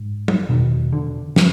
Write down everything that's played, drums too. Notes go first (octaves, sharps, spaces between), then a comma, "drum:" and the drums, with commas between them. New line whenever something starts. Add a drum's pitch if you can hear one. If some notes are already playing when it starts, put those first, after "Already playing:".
Already playing: G#2
drum: tom
E2 B2 D#3
D3
E3, drum: snare